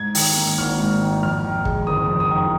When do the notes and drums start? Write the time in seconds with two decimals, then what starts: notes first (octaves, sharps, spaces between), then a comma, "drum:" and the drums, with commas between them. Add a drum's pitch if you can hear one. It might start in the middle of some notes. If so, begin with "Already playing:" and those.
Already playing: G#2 G#6
0.15 D#3, drum: open hi-hat
0.37 A#3
0.58 G#1 F6
0.80 G#2
1.01 D#3
1.23 F2 F6
1.44 D#3
1.65 G#3, drum: kick
1.87 F#1 D#6
2.09 F2
2.20 D#6
2.31 D#3